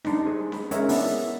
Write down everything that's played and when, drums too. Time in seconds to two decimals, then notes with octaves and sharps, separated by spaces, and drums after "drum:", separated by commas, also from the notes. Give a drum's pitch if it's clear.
0.05 G3 D4 D#4, drum: snare C#4
0.26 G#4 C5
0.52 B5, drum: snare C#4
0.71 G#3 C#4 A#4 C#5 D#5 E5, drum: hi-hat
0.89 B3 D4 E4 D5 E5, drum: open hi-hat